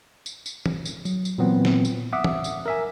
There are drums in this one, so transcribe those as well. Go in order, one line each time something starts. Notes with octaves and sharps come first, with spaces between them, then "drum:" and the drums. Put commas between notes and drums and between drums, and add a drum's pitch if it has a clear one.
drum: tambourine
drum: tambourine
drum: tom E3
drum: tambourine
F#3, drum: tambourine
drum: tambourine
A#2 E3 F#3 B3 C4
drum: snare
drum: tambourine
E5 F#5 D6 D#6
drum: tom E3
drum: tambourine
A#4 E5 G#5